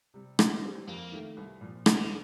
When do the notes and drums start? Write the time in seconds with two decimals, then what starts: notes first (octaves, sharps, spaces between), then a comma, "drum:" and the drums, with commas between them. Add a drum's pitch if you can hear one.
0.14 C3 G3
0.39 D3, drum: rim click
0.64 G3 C4
0.87 F2 A#3
1.12 D#3 A3
1.37 C2
1.61 A#2 F3
1.86 D2 D3, drum: rim click